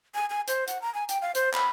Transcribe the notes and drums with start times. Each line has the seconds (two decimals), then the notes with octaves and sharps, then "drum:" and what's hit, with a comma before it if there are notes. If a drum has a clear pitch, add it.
0.15 G#5
0.30 G#5
0.48 C5, drum: hi-hat
0.68 F#5, drum: hi-hat
0.82 A#5
0.94 G#5
1.09 G5, drum: hi-hat
1.22 F5
1.35 C5, drum: hi-hat
1.53 B5, drum: clap